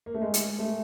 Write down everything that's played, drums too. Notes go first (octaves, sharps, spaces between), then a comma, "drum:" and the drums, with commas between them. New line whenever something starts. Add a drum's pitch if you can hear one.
A#3
A3
G#3
drum: hi-hat
A3